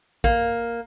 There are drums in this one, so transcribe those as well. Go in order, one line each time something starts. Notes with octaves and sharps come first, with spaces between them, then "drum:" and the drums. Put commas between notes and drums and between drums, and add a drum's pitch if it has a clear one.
A#3, drum: kick